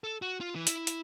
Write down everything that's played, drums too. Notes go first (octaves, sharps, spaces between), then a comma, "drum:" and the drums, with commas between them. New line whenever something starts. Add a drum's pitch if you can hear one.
A4
F#4
F4
E3
E4, drum: hi-hat
drum: hi-hat